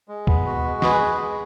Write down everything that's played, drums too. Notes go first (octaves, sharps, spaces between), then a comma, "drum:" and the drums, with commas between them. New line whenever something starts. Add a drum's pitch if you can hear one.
G#3
B3, drum: kick C#2
F#4
G#3
G#4 B4, drum: snare
G#3
G#3